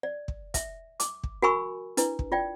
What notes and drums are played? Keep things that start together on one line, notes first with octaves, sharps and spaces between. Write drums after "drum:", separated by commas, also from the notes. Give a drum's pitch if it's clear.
D5
drum: kick
E5, drum: kick, hi-hat
D6, drum: hi-hat
drum: kick
F#4 A#4 G#5 B5 C#6 E6
D4 E4 B4, drum: hi-hat
drum: kick
F4 D5 G5